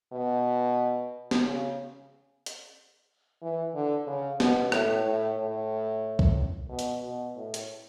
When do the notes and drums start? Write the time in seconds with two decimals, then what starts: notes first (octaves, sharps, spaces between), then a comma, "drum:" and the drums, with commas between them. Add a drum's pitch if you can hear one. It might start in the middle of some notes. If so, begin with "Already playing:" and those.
0.13 B2
1.31 drum: snare
1.44 C#3
2.46 drum: hi-hat
3.42 E3
3.74 D3
4.07 C#3
4.40 B2, drum: snare
4.72 A2, drum: rim click
5.05 A2
5.38 A2
6.19 drum: kick
6.69 B2
6.79 drum: hi-hat
7.03 B2
7.36 A2
7.54 drum: hi-hat